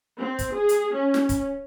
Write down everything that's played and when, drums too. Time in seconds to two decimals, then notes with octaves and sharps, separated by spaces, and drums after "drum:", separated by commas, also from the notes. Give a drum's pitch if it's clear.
0.18 C4
0.39 drum: kick, hi-hat
0.54 G#4
0.69 drum: hi-hat
0.94 C#4
1.14 drum: snare
1.29 drum: kick, hi-hat